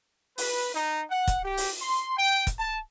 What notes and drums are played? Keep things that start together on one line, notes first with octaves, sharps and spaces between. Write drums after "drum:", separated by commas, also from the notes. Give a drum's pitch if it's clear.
B4, drum: open hi-hat
D#4
F#5
drum: kick, hi-hat
G4
drum: open hi-hat
C6
G5
drum: kick, hi-hat
A5